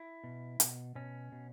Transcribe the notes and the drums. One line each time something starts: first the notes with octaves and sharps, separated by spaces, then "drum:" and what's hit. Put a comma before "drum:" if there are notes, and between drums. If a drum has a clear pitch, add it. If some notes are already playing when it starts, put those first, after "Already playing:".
Already playing: E4
B2
B2, drum: hi-hat
B2 C#4
B2